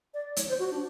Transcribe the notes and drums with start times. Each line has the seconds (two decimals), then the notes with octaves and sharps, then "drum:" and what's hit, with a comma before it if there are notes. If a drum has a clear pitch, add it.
0.14 D5
0.36 C#5, drum: hi-hat
0.49 C5
0.59 F#4
0.71 D4